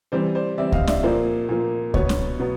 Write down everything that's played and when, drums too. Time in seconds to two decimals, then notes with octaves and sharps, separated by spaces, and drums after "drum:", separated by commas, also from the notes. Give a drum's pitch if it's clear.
0.12 E3 G3 C4 C5 D5
0.35 C5 D5
0.58 E3 G3 C4 D5 E5
0.72 D#5 F5, drum: kick C#2
0.87 D5 E5, drum: snare
1.03 A#2 F3 A#3 C5 D5
1.49 A#2 F3 A#3
1.94 B2 F#3 B3 B4 C#5, drum: kick C#2
2.09 drum: snare
2.39 B2 F#3 B3